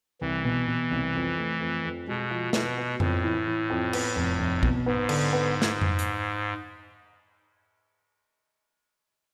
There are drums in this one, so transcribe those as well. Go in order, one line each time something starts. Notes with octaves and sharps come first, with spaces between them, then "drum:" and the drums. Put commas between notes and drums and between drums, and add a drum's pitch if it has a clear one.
C2 E3
B2
B2
C2
F2
A3
F2
F2
B2 G#3
F3
B2 B3, drum: snare
B3
F2 A2, drum: tom F2
E3
E3
F2
B3, drum: cymbal
F1
F1
B2, drum: kick
G#2 B3
D3, drum: cymbal
B3
drum: snare
drum: tom F2
drum: hi-hat